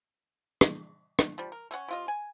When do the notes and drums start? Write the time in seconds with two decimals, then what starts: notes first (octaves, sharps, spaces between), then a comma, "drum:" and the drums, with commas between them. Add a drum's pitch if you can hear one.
0.61 drum: rim click
1.19 drum: rim click
1.38 F3 G3
1.52 A#4
1.71 A3 C#4 F#5 C#6
1.88 C3 F4 D#5
2.08 G#5